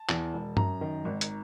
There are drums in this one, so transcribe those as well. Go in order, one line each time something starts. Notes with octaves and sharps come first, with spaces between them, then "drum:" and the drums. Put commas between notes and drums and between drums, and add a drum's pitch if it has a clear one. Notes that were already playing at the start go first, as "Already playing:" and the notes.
Already playing: A5
E2, drum: clap
E1
F#2 A#5, drum: tom G2
D#3
G#1
drum: hi-hat